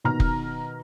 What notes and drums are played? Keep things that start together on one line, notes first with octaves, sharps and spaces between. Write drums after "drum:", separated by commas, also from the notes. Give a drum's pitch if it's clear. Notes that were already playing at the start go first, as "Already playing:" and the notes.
B2 D#3 A#5 F6
drum: kick F1